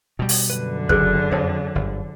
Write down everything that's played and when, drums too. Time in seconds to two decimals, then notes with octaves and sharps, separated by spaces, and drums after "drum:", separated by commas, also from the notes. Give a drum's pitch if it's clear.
0.19 B2 G3
0.29 drum: open hi-hat
0.50 F#2 D3 B4
0.89 F#1 C3 G#4 B4 F#6, drum: kick
1.32 F2 C5 C#5 A5
1.75 G1